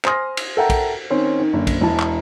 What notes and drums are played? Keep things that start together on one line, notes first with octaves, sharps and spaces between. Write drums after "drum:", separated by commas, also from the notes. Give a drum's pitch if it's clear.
C5 G#5 C6 D#6 F6 A#6, drum: clap
drum: cymbal
A4 A#4 E5 F#5 G5 A#5
drum: kick, cymbal
D#3 C4 C#4
D#3
F#1 D3
drum: kick, cymbal
E1 E3 A5 A#5
drum: clap